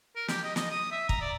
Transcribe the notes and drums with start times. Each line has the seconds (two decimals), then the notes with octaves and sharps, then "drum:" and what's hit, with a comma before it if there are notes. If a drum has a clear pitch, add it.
0.16 A#4
0.28 G4, drum: snare
0.44 D#5
0.56 D#5, drum: snare
0.71 D#6
0.92 E5
1.09 A#5, drum: kick
1.21 D5